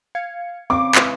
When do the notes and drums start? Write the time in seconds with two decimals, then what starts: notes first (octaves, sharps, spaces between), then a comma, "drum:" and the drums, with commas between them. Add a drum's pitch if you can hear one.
0.15 F5 G#6 C#7
0.70 C#3 C4 C#6 D6
0.95 E3 G#3, drum: clap